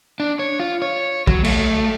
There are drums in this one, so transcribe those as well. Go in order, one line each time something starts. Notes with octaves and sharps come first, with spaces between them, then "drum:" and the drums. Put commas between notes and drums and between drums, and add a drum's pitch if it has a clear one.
D4
C#5
F4
C#5
F#3, drum: kick
A3, drum: cymbal